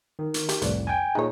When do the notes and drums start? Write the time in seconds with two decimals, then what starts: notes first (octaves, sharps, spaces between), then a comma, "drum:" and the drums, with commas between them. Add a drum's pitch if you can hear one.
0.19 D#3
0.34 drum: hi-hat
0.49 G4, drum: hi-hat
0.62 C2 F2 A2 B4 D5, drum: hi-hat
0.87 G5 G#5
1.15 A#2 G#3 D#4 C#5